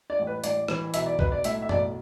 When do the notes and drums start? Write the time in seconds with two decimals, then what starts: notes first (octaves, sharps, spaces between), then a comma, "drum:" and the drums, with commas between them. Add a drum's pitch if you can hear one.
0.10 D5
0.19 A1
0.27 B4
0.44 A1 D5, drum: hi-hat
0.68 E3, drum: rim click
0.94 B1 E5, drum: hi-hat
1.06 D5
1.19 B1 B4, drum: kick
1.32 D5
1.44 A2 E5, drum: hi-hat
1.62 E5
1.69 B1 D5, drum: tom F#2